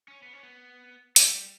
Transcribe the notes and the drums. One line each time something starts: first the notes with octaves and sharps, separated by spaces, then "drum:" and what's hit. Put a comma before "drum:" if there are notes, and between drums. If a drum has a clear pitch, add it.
C#4
B3
C#4
B3
A3, drum: hi-hat
G3